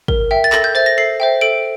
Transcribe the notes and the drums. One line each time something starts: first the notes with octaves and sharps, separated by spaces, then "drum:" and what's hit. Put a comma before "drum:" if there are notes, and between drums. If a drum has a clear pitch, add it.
A#4, drum: kick
E5 G5
A6
A4 A#6, drum: clap
G6
C5 E5 A6
A#6
A4 C7
C5 E5 G5
A4 D7